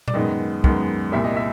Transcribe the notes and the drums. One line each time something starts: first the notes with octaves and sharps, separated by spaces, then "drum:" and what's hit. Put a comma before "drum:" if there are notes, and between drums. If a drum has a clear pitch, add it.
D5, drum: tom A#2
F#2 D#3 G#3 B3 D#5
F#2 D#3 G#3 B3, drum: kick
C2 A#2 G3 E5
D#5
E5